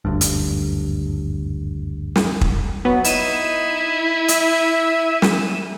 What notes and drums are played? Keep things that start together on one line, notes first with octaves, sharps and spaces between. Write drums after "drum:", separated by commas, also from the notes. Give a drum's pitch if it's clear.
F#1 D2 G2
drum: hi-hat
drum: snare
drum: kick
F#3 B3
D#4 E4 D#7 E7, drum: hi-hat
E5, drum: hi-hat
drum: snare